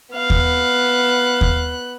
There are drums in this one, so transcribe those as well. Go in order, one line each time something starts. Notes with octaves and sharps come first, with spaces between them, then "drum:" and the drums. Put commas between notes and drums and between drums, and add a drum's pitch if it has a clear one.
B3 F5 F#6
drum: kick D#2
drum: kick D#2